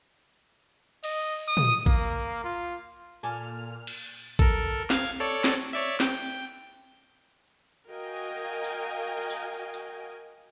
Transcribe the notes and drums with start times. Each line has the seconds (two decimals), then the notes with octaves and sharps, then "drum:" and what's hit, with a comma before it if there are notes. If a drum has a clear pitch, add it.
1.04 D#5, drum: cymbal
1.47 D#6
1.57 drum: tom
1.86 A#3, drum: kick A1
2.44 F4
3.23 A#2 A4 G#5 D6 F6
3.87 drum: cymbal
4.39 A4 A#4, drum: kick A1
4.90 F5 F6 G#6, drum: snare
5.20 A4 C#5 D5
5.44 drum: snare
5.73 C#5 D5 E5
6.00 G5, drum: snare
7.89 F#4 A#4 D#5 F5 G5 G#5
8.64 drum: hi-hat
9.30 drum: tambourine
9.74 drum: hi-hat